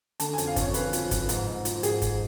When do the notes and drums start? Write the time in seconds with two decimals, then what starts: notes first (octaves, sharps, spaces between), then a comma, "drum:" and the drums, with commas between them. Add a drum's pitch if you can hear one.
0.20 D3 A5, drum: hi-hat
0.33 G#5
0.38 F2, drum: hi-hat
0.47 F5
0.56 F2 C#5, drum: kick F#1, hi-hat
0.74 F2 B4, drum: hi-hat
0.93 F3, drum: hi-hat
1.11 F3, drum: kick F#1, hi-hat
1.29 G#2, drum: hi-hat
1.47 G#2
1.65 F3, drum: hi-hat
1.83 G#2 G#4, drum: hi-hat
2.02 G#2, drum: kick F#1, hi-hat